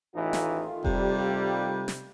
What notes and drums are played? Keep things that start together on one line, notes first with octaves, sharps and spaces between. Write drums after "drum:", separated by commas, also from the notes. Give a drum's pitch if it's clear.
A1 D#3 E3 A3 D#4 F4
drum: snare
C3 G3, drum: kick F1
drum: snare